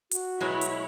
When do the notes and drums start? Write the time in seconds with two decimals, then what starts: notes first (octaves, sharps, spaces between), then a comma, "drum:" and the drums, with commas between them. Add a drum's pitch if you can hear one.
0.11 F#4, drum: hi-hat
0.41 B2 F#3 G#3 E4 C#5 B5
0.61 drum: hi-hat